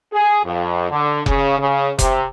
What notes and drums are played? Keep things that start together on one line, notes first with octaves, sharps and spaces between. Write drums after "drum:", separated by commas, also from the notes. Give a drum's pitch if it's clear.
G#4
F2
D3
C#3, drum: kick F1
C#3
C3, drum: kick F1, hi-hat